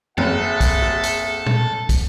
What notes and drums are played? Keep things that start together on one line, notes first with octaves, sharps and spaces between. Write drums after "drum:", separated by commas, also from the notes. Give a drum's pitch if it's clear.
F#1 C4 G#4 A4 E5 F#5, drum: tom F#2
drum: kick, hi-hat
drum: rim click
drum: hi-hat
drum: tom A#2
drum: kick, hi-hat